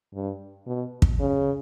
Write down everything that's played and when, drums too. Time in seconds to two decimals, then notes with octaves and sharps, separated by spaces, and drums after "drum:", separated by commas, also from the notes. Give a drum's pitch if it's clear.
0.15 G2
0.67 B2
1.02 drum: kick
1.20 C#3